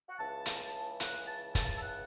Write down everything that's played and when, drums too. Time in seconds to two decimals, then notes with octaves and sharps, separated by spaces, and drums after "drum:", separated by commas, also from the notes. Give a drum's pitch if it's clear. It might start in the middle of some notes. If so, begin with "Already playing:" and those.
0.09 F#5
0.17 C#2 C#3 E3 A5
0.46 drum: hi-hat
1.00 F#5, drum: hi-hat
1.27 A5
1.55 A5, drum: kick, hi-hat
1.77 A5
1.83 F#5